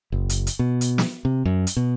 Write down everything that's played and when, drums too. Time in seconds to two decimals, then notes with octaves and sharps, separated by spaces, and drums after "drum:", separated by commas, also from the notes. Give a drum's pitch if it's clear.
0.12 F#1
0.29 drum: hi-hat
0.47 drum: hi-hat
0.59 B2
0.81 drum: hi-hat
0.98 drum: snare
1.25 C3
1.45 F#2
1.67 drum: hi-hat
1.77 B2